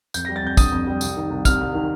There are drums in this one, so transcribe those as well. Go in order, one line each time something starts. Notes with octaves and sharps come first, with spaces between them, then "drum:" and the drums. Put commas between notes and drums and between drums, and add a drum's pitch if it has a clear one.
F2 G6, drum: tambourine
A#6
G3
A6
F2 G6
D3 D#6, drum: kick, tambourine
F2
G3
C2, drum: tambourine
D#3
C2
C3 F6, drum: kick, tambourine
C2
D#3